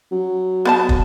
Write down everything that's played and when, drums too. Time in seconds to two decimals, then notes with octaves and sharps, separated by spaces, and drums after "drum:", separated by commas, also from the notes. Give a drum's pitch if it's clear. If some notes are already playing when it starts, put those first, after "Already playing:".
0.11 F#3
0.65 B3 B4 A5
0.89 drum: kick